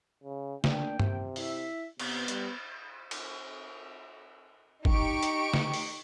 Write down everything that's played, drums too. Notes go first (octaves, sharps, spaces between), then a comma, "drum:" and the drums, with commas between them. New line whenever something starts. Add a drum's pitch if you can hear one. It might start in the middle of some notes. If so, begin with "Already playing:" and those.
C#3
A#3 D4 G5, drum: snare
C3, drum: tom G2
E4 E5, drum: open hi-hat
C3 B3, drum: cymbal
G3, drum: hi-hat
drum: cymbal
D#4 G4 C#6 D7, drum: kick
drum: hi-hat
drum: snare
drum: open hi-hat